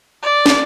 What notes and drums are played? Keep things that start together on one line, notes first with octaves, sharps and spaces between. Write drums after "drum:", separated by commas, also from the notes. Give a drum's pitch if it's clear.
D5
drum: snare